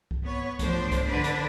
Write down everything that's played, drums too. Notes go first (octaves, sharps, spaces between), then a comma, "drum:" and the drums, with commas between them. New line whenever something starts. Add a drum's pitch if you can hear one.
drum: kick C2
B3 C#5
A2 F3 D4 C5, drum: kick C2, hi-hat
drum: kick C2, hi-hat
D3 D4 B4
drum: hi-hat